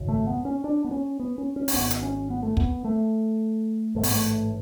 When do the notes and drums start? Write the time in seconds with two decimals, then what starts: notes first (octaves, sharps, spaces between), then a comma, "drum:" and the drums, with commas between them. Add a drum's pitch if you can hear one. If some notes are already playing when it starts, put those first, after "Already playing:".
Already playing: G#1 F#2 C#3
0.08 A3
0.27 B3
0.45 C#4
0.64 D4
0.85 B3
0.91 C#4
1.20 B3
1.38 C#4
1.56 C#4
1.68 C#4, drum: open hi-hat
1.74 G#1 G#2 B3
1.90 drum: hi-hat
2.03 C#4
2.30 B3
2.43 A3
2.57 B3, drum: kick
2.84 A3
3.95 A1 G#2 A3
4.03 B3, drum: open hi-hat
4.11 A3